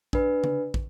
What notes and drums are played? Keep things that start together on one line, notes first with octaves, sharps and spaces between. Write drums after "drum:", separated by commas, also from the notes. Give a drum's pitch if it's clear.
D4 B4, drum: kick
drum: tom C#3
drum: kick